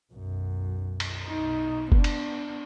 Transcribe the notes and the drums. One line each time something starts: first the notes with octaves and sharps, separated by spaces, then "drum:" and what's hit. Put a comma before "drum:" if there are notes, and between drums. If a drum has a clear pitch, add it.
B1 F#2
drum: cymbal
B1 D#4
B3 D4, drum: kick F#1
drum: cymbal